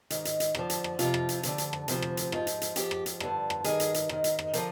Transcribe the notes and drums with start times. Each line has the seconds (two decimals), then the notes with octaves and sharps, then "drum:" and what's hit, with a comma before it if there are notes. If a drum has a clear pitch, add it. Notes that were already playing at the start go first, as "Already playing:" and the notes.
0.10 G#2 D#3, drum: hi-hat
0.25 drum: hi-hat
0.40 drum: hi-hat
0.55 F2 D3 F3, drum: rim click
0.70 drum: hi-hat
0.84 drum: rim click
0.99 F2 C3 F3 F4, drum: hi-hat
1.14 drum: rim click
1.29 drum: hi-hat
1.43 D2 D3 F3, drum: hi-hat
1.58 drum: hi-hat
1.73 drum: rim click
1.88 D2 C3 F3, drum: hi-hat
2.02 drum: rim click
2.17 drum: hi-hat
2.32 G#2 F3 F4, drum: rim click
2.47 drum: hi-hat
2.61 drum: hi-hat
2.76 G#2 F3 G4, drum: hi-hat
2.91 drum: rim click
3.06 drum: hi-hat
3.20 G2 D3 F3, drum: rim click
3.50 drum: rim click
3.64 G2 D#3 G#4, drum: hi-hat
3.80 drum: hi-hat
3.94 drum: hi-hat
4.09 G#2 D#3, drum: rim click
4.24 drum: hi-hat
4.39 drum: rim click
4.53 D3 F3 A#4, drum: hi-hat